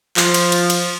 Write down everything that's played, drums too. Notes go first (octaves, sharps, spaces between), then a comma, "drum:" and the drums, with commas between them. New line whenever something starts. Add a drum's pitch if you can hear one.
F3, drum: clap
drum: cymbal
drum: cymbal
drum: cymbal